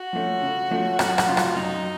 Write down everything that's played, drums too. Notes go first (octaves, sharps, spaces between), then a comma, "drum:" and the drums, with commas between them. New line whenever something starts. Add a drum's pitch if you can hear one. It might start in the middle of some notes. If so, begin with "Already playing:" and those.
Already playing: F#4
F3 A3 C#4
C#3
F3 A3 C#4
F#2 F#4, drum: rim click
drum: rim click
C#3 F#3 F4
drum: rim click
F#2 D#4